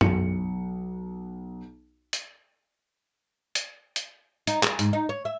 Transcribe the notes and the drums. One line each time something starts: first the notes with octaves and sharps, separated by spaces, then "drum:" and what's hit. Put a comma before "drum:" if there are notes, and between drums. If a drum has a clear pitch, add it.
B1 C#7, drum: tom F#2
drum: hi-hat
drum: hi-hat
drum: hi-hat
D#4, drum: hi-hat
G#4, drum: clap
G#2, drum: hi-hat
D#4
C#5
E5